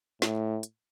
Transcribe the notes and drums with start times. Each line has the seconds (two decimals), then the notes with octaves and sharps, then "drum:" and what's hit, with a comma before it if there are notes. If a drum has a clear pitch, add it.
0.22 A2, drum: snare
0.63 drum: hi-hat